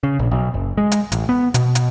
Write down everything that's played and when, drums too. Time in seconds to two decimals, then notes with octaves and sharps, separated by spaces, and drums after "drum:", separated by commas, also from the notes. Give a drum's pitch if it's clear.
0.03 C#3
0.19 A#1
0.31 B1
0.54 F#1
0.77 G#3
0.92 drum: hi-hat
1.12 A1, drum: hi-hat
1.29 B3
1.54 B2, drum: hi-hat
1.75 drum: hi-hat